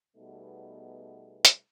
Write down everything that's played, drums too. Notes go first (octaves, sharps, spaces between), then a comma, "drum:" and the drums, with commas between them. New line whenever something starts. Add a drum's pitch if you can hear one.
B2 G3 A3 B3 D#4 G#4
drum: hi-hat